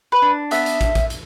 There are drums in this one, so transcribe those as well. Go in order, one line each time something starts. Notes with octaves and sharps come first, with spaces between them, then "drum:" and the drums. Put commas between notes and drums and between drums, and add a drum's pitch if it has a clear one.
B4
D4
B3 E5, drum: hi-hat
drum: hi-hat
drum: kick, hi-hat
drum: kick, hi-hat
drum: hi-hat